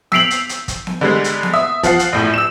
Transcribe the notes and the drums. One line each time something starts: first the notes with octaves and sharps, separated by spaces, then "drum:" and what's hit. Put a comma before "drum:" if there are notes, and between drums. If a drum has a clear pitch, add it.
E6 B6 C7 D7 F7 F#7, drum: snare B3
drum: hi-hat
drum: hi-hat
drum: kick, hi-hat
drum: snare B3
D3 G3 G#3
drum: hi-hat
drum: snare B3
E5 D#6
F3 F5 F#5 C7, drum: kick, hi-hat
drum: hi-hat
A#1 A2
E6 E7